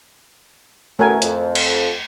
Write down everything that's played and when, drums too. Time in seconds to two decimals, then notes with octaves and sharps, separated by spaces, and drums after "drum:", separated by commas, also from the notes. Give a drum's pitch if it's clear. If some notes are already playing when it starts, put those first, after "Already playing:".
0.99 E2 F#3 A3 C#4 A#4 G#5
1.22 F2, drum: hi-hat
1.55 drum: cymbal